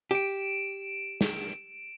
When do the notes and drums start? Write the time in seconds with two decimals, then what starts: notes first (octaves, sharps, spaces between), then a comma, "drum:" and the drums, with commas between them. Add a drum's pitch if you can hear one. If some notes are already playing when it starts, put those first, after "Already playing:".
0.11 G4 D7 E7
1.21 drum: snare